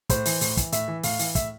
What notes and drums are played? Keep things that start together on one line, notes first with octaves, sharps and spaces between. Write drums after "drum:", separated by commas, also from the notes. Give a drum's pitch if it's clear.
A2 C5, drum: kick, hi-hat
E3, drum: open hi-hat
A2, drum: open hi-hat
E3, drum: kick, hi-hat
A2 E5, drum: hi-hat
E3
A2 F5, drum: open hi-hat
E3, drum: open hi-hat
A2 E5, drum: kick, hi-hat